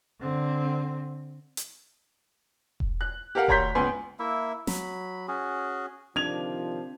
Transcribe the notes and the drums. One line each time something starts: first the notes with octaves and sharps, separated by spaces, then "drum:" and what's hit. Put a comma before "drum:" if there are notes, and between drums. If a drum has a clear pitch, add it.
D3 C4
drum: hi-hat
drum: kick E1
F#6
G4 A4 A#4 F5 F#5
D2 C#5 A#5 C6 G6 B6, drum: kick E1
C#2 B3 G#5 C6
A#3 E4 E5
F#3 B5, drum: snare
C#4 F#4 G#4
C3 D#3 F3 C4 D4 G#6 F7